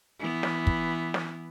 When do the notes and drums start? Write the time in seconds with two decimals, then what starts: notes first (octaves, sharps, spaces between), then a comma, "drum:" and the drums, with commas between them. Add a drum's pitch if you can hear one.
0.19 E3 B3
0.43 drum: snare
0.67 drum: kick
1.14 drum: snare